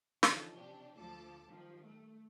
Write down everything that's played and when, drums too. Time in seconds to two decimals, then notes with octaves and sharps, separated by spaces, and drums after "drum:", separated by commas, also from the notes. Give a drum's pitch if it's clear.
0.23 D3 E3 F3 C#4 D#4 A4, drum: snare
0.54 C3 C#4 D4 G4
0.95 D2 F3 A4 A5 D6
1.47 G2 D#3 F3
1.84 A3